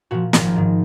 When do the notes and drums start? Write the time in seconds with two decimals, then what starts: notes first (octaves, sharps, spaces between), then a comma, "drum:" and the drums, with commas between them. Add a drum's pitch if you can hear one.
0.11 A#2 F3 F#4
0.33 G#1 A#4, drum: snare
0.56 G#2 D#3